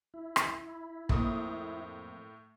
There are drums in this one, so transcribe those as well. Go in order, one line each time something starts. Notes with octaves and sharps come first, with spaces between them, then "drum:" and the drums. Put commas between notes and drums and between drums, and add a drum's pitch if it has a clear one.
E4
drum: rim click
F2 A2 A#3 D#6, drum: kick